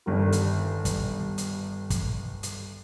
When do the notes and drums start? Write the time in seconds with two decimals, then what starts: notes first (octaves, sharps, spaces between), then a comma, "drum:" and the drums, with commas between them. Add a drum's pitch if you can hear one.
0.06 G1 G2 D#3
0.32 drum: hi-hat
0.85 drum: kick, hi-hat
1.38 drum: hi-hat
1.90 drum: kick, hi-hat
2.43 drum: hi-hat